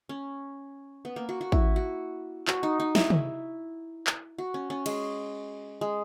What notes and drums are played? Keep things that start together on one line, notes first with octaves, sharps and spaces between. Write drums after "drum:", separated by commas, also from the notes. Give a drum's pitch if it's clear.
C#4
B3
A#3
F#4
F#4
E4, drum: kick A1
F#4
F#4, drum: clap
D#4
D#4
E4, drum: snare
drum: tom
drum: clap
F#4
C#4
C#4
G#3, drum: cymbal
G#3